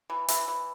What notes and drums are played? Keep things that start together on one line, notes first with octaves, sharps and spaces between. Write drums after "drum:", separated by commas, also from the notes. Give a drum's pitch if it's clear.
E3
E3 E5, drum: hi-hat
E3